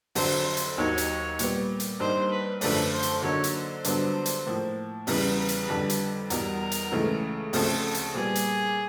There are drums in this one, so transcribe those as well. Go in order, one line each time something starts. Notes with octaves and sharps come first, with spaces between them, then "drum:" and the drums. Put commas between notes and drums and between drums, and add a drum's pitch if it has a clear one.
F2 D3 F#3 C5, drum: open hi-hat
C5
drum: hi-hat
D#2 D#3 F#3 C#5
drum: hi-hat
A#2 G3 B3, drum: hi-hat
drum: hi-hat
G2 D#3 G3 A#3 C5
B4
F#2 D3 F3 A3 D4 B4, drum: open hi-hat
C5
drum: hi-hat
D3 F#3 A#3 D#4 C#5
drum: hi-hat
C5
G2 D3 F#3 B3, drum: hi-hat
drum: hi-hat
A2 F3 A#3
E2 C#3 E3 G3 B3 B4, drum: open hi-hat
B4
drum: hi-hat
F2 D3 G3
drum: hi-hat
E2 B2 G3 A#4, drum: hi-hat
drum: hi-hat
C#2 C#3 E3 A3
D2 C#3 F3 A3 C4 A4, drum: open hi-hat
drum: hi-hat
A#2 G3 B3 G#4
drum: hi-hat